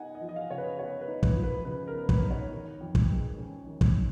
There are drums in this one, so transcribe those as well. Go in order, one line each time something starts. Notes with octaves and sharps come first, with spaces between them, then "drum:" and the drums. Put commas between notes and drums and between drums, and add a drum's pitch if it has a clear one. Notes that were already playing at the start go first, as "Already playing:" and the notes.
Already playing: B3 D#4 D#5 F#5 G#5
D#5
F3
D#5
F5
C#3 C#5
B4
B3 C#5
B4
D#4
B4, drum: kick
F3
B4
C#3 B4
A#4
B3
B4, drum: kick
D#4
C#5
D#3
F2
drum: kick
G#3
C#4
D#3
drum: kick